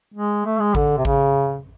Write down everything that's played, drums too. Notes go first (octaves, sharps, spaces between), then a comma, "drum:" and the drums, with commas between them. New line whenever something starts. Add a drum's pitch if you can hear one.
G#3
A3
G#3
D3, drum: kick A1
C3
C#3, drum: kick A1